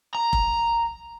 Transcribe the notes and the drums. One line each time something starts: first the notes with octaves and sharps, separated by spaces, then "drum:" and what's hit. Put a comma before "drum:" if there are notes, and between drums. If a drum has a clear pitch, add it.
A#5
drum: kick F1